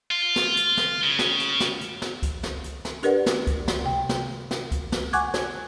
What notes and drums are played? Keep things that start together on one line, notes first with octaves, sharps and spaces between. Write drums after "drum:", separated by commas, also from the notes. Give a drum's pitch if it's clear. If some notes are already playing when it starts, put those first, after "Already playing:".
F4
drum: snare
drum: hi-hat
drum: snare
C#3
drum: snare
drum: hi-hat
drum: snare
drum: hi-hat
drum: snare
drum: kick C#2, hi-hat
drum: snare
drum: hi-hat
drum: snare
D4 G4 A#4 B4 D5 F#5, drum: hi-hat
drum: snare
drum: kick C#2, hi-hat
drum: snare
C3 G5
drum: snare
drum: snare
drum: kick C#2, hi-hat
drum: snare
F#5 G#5 C#6 D6 F#6 G#6, drum: hi-hat
drum: snare